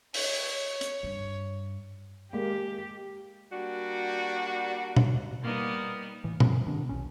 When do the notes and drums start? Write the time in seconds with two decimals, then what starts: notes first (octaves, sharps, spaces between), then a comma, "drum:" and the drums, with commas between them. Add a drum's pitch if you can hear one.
0.14 C#5, drum: open hi-hat
0.81 drum: hi-hat
1.03 G2
2.33 G#3 A#3 G4
3.52 G3 A#3 D4 F#4
4.96 drum: tom B2
5.44 G3 A#3 B3 D#4
6.24 A2 E3
6.40 G2 F3 B3 C#4, drum: tom B2
6.67 C3 D#3 B3 D4
6.89 B1 E2 C#4